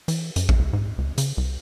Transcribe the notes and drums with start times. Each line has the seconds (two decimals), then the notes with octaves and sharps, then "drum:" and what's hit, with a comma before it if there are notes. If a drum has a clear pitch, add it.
0.08 E3, drum: hi-hat
0.36 F#2, drum: hi-hat
0.49 drum: kick A1
0.59 C#2
0.73 G#2
0.98 C#2
1.18 C#3, drum: hi-hat
1.37 C2